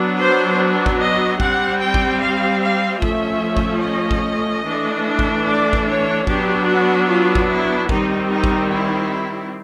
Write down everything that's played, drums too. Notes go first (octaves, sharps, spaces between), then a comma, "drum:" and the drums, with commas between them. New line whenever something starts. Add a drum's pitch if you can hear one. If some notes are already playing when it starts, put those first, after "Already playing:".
Already playing: F#3 B3 D4
C5
drum: kick G#1
D#5
G3 C4 F#5, drum: kick G#1
G5
drum: kick G#1
F5
F5
F3 A3 C#4 E5, drum: kick G#1
drum: kick G#1
D#5
drum: kick G#1
E3 A3 D4
drum: kick G#1
D5
drum: kick G#1
C#5
F#3 B3 D4 G4, drum: kick G#1
F#4
F4
drum: kick G#1
E4
D#3 G3 C4 D#4, drum: kick G#1
D#4
drum: kick G#1
E4